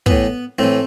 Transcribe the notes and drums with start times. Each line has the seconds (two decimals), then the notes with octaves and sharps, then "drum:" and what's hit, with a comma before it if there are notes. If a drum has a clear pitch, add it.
0.06 A2 E3 B3, drum: kick
0.59 A2 E3 A3 C4